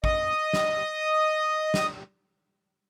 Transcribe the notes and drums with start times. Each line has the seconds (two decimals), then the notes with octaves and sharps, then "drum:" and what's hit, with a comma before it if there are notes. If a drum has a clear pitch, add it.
0.04 D#5 D#6, drum: kick
0.53 drum: snare
1.74 drum: snare